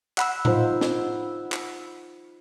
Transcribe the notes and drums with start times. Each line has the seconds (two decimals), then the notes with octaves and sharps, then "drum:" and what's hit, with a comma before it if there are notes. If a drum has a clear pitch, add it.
0.18 F#5 B5 E6, drum: clap
0.45 D#4 F4 C5, drum: tom A2
0.81 drum: snare
1.52 drum: clap